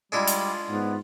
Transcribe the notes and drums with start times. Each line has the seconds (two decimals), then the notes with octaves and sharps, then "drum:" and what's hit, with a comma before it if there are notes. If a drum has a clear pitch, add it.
0.12 G3 G#3 D4 E4 F4
0.27 drum: hi-hat
0.69 G#2 B3